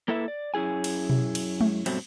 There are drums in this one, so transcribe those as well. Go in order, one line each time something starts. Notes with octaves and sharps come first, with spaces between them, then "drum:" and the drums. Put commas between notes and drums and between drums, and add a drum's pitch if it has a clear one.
A#3 E4 A4 B4 E5
D5
F#2 C#4 E4 G#4 G#5
drum: cymbal
drum: tom B2
drum: cymbal
drum: tom G#3
G2 B2 F#3 A3 C4, drum: cymbal